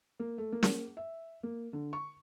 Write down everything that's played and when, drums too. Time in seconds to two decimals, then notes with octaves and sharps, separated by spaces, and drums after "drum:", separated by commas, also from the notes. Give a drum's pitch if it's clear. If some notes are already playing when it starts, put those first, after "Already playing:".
0.20 A#3
0.38 A3
0.52 A#3
0.63 drum: snare
0.97 E5
1.43 A#3
1.73 D3
1.93 C#6